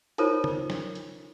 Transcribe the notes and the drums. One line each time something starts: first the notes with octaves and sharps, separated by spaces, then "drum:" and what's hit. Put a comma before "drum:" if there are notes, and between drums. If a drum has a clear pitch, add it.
D#4 F4 A4 A#4 C5 C#5, drum: hi-hat
drum: tom
drum: snare
drum: hi-hat